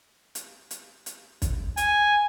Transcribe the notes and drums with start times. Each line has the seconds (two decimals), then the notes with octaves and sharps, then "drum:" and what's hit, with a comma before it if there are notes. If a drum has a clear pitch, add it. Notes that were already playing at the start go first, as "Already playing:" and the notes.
0.35 drum: hi-hat
0.71 drum: hi-hat
1.06 drum: hi-hat
1.42 drum: kick, hi-hat
1.77 G#5, drum: hi-hat